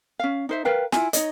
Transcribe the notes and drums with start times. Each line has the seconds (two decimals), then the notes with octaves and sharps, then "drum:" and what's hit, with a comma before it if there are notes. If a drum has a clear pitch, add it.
0.19 C#4 F5
0.49 D#4 C5 E5
0.65 A#4 B4 F5 G5
0.92 E4 F4 G#5, drum: snare
1.13 D#4 C#5 D#5, drum: hi-hat